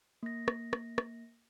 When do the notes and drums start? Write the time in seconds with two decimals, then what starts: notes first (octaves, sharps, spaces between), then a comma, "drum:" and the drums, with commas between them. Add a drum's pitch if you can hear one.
0.23 A#3 A#6
0.48 drum: rim click
0.73 drum: rim click
0.98 drum: rim click